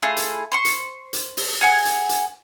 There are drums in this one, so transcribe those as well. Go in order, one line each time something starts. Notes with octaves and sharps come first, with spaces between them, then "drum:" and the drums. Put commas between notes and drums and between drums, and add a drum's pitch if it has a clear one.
A3 E4 F4 G#4
drum: hi-hat
C5 C6 C#6
drum: hi-hat
drum: hi-hat
drum: open hi-hat
G#4 F#5 G#5
drum: hi-hat
drum: hi-hat